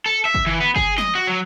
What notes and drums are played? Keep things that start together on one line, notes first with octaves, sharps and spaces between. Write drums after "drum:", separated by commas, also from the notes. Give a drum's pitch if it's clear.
A4
E5
drum: kick
E3
B3
G#4, drum: kick
D#5, drum: snare
F#4
F#3